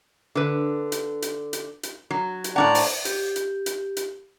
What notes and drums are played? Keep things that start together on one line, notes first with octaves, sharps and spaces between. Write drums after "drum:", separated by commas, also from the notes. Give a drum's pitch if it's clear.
D3 B4
drum: hi-hat
drum: hi-hat
drum: hi-hat
drum: hi-hat
F#3
drum: hi-hat
A2 C#4 D5 F#5 A5 A#5
drum: open hi-hat
G4, drum: hi-hat
drum: hi-hat
drum: hi-hat
drum: hi-hat